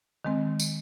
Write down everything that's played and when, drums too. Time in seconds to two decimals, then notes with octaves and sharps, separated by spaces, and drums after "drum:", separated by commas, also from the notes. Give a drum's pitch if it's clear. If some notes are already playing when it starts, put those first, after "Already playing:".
0.24 D#3 G#3 C4
0.59 drum: tambourine